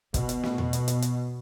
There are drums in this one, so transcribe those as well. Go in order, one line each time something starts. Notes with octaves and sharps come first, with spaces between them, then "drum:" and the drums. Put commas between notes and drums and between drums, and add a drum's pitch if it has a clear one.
B2, drum: kick, hi-hat
drum: hi-hat
drum: snare
drum: tom E2
drum: hi-hat
drum: hi-hat
drum: hi-hat